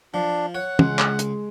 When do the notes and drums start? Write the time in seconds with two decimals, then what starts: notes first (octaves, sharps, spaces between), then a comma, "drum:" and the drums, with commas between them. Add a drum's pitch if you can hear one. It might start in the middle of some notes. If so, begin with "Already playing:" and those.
0.14 F3 D4
0.55 C#5 F#5
0.79 C#2 G#3, drum: tom
0.99 drum: clap
1.19 drum: hi-hat